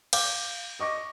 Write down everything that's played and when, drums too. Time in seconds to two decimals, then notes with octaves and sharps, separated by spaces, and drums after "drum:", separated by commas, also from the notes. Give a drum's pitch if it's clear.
0.13 F5 D6 G6, drum: cymbal
0.79 D#5 C#6 D6 A#6